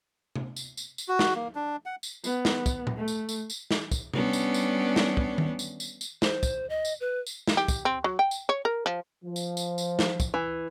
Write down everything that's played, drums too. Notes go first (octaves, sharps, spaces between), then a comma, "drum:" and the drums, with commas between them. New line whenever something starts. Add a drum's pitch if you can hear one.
drum: tom C3
drum: tambourine
drum: tambourine
drum: tambourine
F#4
drum: snare
A#3
D4
F#5
drum: tambourine
B3, drum: tambourine
drum: snare
drum: kick, tambourine
drum: tom A#2
A3
drum: tambourine
drum: tambourine
drum: tambourine
drum: snare
drum: kick, tambourine
G3 B3 C#4 D4, drum: tom C3
drum: tambourine
drum: tambourine
drum: snare
drum: kick
drum: tom D#3
drum: tambourine
drum: tambourine
drum: tambourine
C5, drum: snare
drum: kick, tambourine
D#5
drum: tambourine
B4
drum: tambourine
drum: snare
G4
drum: kick, tambourine
C4
F#3
G5
drum: tambourine
C#5
A#4
F3
F3
drum: tambourine
drum: tambourine
drum: tambourine
drum: snare
drum: kick, tambourine
E3